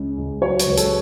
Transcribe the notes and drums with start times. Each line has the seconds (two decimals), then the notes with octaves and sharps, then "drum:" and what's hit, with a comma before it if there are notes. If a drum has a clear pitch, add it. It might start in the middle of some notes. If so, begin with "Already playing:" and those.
Already playing: C#2 C#3
0.18 C#2
0.41 F#3 C#5
0.59 B4, drum: hi-hat
0.66 C#2
0.72 B4
0.77 A4, drum: hi-hat